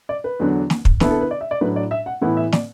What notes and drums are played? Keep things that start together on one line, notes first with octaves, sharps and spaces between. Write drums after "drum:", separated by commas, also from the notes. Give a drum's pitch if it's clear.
D5
B4
E2 D3 F#3 D4
drum: snare
drum: kick
D3 B3 E4 A4, drum: snare
A4
B4
D5
E5
D5
A2 F#3 D4 B4
D5
E5
F#5
A2 E3 B3 E4 F#5
E5
D5, drum: snare